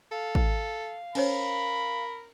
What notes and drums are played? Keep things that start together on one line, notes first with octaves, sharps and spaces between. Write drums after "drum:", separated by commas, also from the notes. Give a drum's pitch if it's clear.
A4 F5
drum: kick
C#4 A#4 C5 C#5 B5, drum: cymbal